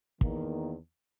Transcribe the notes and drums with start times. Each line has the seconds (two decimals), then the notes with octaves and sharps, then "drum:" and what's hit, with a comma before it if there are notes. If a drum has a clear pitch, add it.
0.21 E2 D#3 A#3, drum: kick